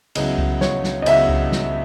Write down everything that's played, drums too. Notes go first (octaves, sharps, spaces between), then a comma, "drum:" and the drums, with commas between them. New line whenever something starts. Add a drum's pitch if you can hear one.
C#2 C#3 F#3 B3 E4 D#5, drum: cymbal
drum: kick C2
C#5, drum: snare
drum: snare
D#5
C#2 C#3 F#3 B3 E4 E5, drum: cymbal
drum: kick C2
drum: snare